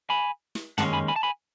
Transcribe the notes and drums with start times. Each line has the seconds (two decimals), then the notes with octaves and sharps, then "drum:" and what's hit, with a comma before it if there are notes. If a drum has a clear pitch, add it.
0.10 G#5 B5
0.55 drum: snare
0.78 D#2 D#3 G#3 C#4 F#5 A5, drum: tom
0.93 G#5 B5
1.08 G#5 B5
1.16 A5
1.23 G#5 B5